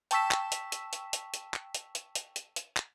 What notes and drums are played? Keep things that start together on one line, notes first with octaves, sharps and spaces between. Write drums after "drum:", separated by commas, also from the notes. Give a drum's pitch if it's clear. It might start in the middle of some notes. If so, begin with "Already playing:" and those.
G5 A5 C#6 E6 B6 E7, drum: hi-hat
drum: clap
drum: hi-hat
drum: hi-hat
drum: hi-hat
drum: hi-hat
drum: hi-hat
drum: clap
drum: hi-hat
drum: hi-hat
drum: hi-hat
drum: hi-hat
drum: hi-hat
drum: clap